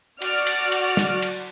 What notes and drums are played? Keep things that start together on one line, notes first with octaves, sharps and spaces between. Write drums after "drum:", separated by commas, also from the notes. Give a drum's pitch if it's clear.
F#4 D5 F6, drum: cymbal
drum: cymbal
drum: cymbal
drum: snare
drum: cymbal